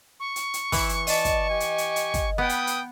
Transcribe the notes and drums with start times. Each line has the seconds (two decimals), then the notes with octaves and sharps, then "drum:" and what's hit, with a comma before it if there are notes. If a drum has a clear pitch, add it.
0.20 C#6
0.36 drum: hi-hat
0.54 drum: hi-hat
0.72 E3 E4, drum: kick, open hi-hat
0.89 drum: hi-hat
1.07 D5 D#5 A5, drum: open hi-hat
1.25 drum: kick, hi-hat
1.50 G4 G#5
1.60 drum: hi-hat
1.78 drum: hi-hat
1.96 drum: hi-hat
2.14 drum: kick, hi-hat
2.38 B3 B4 G5 D#6
2.49 drum: hi-hat
2.67 drum: hi-hat